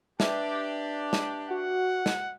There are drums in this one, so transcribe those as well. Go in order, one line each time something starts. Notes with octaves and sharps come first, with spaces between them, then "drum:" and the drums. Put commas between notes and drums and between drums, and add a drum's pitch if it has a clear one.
D4 G4 B4 E5, drum: snare
drum: snare
F#4 F#5
drum: snare